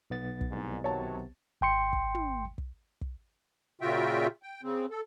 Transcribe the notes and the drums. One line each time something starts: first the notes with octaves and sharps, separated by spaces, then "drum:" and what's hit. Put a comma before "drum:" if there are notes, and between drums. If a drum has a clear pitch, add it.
B1 B3 A6
drum: kick
C2 G#2
C3 D#3 F#3 C#5 A5
G#1 G5 C6 C#7
drum: kick
drum: tom
drum: kick
drum: kick
A#2 C#3 F4 F#4 E5 G5
G5
C#3 C4
A4